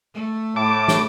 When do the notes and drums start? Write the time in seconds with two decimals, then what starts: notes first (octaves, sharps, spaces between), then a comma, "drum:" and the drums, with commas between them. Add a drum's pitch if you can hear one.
0.14 A3
0.56 A2 A5 D6
0.88 drum: snare